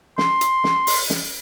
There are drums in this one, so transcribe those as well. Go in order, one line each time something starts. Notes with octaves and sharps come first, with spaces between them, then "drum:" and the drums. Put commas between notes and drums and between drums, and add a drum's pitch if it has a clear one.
C6, drum: snare
drum: hi-hat
drum: snare
drum: open hi-hat
drum: snare